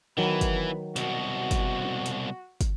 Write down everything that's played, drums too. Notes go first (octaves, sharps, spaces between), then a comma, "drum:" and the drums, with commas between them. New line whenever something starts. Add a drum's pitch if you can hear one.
D#3 E3 F#3 B3 B4
drum: kick, hi-hat
C2 B2 F#4, drum: hi-hat
drum: kick, hi-hat
drum: hi-hat
drum: kick, hi-hat